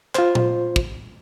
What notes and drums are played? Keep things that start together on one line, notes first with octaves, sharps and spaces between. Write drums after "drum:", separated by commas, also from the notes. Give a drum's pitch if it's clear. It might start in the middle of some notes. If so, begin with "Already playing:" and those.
F4 C5, drum: clap
drum: tom A#2
drum: kick